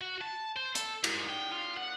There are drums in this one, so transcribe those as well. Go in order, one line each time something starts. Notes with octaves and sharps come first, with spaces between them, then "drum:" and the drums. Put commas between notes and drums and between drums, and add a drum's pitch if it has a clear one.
F#4
A5
C5
A4, drum: hi-hat
G#2, drum: cymbal
G5
F4
F#5